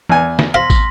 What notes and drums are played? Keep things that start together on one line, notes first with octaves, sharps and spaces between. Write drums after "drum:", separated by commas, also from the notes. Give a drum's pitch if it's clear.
E2 G#5, drum: tom E3
drum: snare
C5 F5 C6 A#6 B6
drum: kick, tambourine